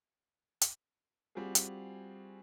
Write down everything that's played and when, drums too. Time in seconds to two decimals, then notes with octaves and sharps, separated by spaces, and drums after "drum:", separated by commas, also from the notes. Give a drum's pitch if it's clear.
0.61 drum: hi-hat
1.35 G3 C4 F4 F#4 G#4
1.55 drum: hi-hat